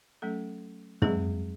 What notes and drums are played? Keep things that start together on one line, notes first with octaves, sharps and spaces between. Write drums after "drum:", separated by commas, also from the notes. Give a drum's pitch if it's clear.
F#3 A3 C#4 A4
F#3 G#3 C4 G#4, drum: tom